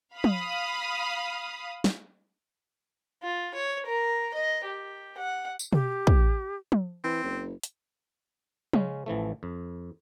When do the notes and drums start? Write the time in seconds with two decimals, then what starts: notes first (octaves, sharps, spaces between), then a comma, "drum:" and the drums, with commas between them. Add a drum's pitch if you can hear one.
0.15 F5 B5 D#6
0.24 drum: tom
1.84 drum: snare
3.23 F4
3.55 C#5
3.87 A#4
4.34 D#5
4.65 G4
5.18 F#5
5.59 drum: tambourine
5.73 G4, drum: tom B2
6.07 drum: kick
6.72 drum: tom
7.04 E3 C4
7.24 F#1
7.63 drum: hi-hat
8.73 C#3 G#3 C#4, drum: tom
9.06 A1 E3 F3 A3
9.43 F2